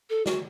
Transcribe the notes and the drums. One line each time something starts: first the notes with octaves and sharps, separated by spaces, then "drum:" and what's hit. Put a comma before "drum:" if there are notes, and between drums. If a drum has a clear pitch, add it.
A4
F#4, drum: snare